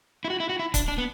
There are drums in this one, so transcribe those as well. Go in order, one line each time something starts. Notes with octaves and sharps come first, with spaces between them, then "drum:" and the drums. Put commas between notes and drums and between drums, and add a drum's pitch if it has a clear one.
E4
F#4
E4
F#4
E4
D4, drum: kick C#1, hi-hat
D4
B3